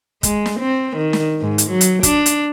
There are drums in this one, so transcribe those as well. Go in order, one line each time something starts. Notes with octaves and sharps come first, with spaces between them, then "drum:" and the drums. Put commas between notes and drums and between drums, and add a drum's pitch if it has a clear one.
G#3, drum: kick, hi-hat
drum: snare
C4
D#3
drum: snare
G#2
drum: hi-hat
F#3
drum: hi-hat
D4, drum: kick, hi-hat
drum: hi-hat